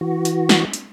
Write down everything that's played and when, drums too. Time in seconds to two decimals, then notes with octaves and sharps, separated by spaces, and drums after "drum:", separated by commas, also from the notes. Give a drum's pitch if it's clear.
0.01 E3 F#4
0.25 drum: hi-hat
0.49 drum: snare
0.73 drum: hi-hat